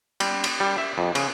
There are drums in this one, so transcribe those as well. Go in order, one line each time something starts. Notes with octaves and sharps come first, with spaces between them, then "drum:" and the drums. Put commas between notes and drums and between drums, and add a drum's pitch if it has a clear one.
G3, drum: cymbal
drum: cymbal
G3
E5
F2
C#3, drum: cymbal